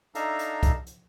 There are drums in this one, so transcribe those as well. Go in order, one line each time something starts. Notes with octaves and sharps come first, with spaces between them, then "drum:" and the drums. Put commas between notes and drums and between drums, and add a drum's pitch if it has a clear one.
D4 D#4 A4 E5 F5 A#5, drum: hi-hat
drum: hi-hat
drum: kick, hi-hat
drum: hi-hat